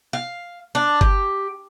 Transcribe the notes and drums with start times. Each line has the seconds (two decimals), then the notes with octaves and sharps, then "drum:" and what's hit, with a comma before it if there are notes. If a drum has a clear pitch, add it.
0.13 F5
0.75 D4
1.01 G4, drum: kick G1